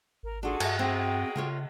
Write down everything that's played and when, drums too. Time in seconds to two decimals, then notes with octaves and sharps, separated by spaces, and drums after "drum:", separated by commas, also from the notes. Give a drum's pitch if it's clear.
0.23 G#1 A#4
0.43 D4 F4 F#4 G#4 A4
0.60 G2 A5, drum: cymbal
0.79 C4 F#4 G#4 C5 G5
1.36 C#3 A3 F4 C#5